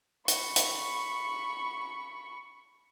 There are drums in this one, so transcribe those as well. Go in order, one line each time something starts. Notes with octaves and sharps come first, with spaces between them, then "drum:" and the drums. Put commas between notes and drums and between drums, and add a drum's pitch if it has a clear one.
B5 C#6, drum: hi-hat
drum: hi-hat